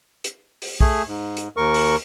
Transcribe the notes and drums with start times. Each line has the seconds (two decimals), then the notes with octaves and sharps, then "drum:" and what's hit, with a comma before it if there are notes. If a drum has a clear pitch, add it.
0.24 drum: hi-hat
0.62 drum: open hi-hat
0.81 A3 G#4, drum: kick
1.08 G#2
1.37 drum: hi-hat
1.57 D#2 A#4 C#6
1.74 drum: open hi-hat